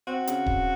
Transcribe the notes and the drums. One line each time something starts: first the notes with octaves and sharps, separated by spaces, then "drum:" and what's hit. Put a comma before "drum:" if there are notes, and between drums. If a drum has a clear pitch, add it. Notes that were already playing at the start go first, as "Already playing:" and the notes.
C4 F#4
C#3, drum: hi-hat
drum: kick D#1